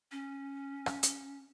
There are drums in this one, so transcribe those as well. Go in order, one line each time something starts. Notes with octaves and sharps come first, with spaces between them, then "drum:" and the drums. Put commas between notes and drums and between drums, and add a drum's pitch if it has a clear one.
C#4
drum: rim click
drum: hi-hat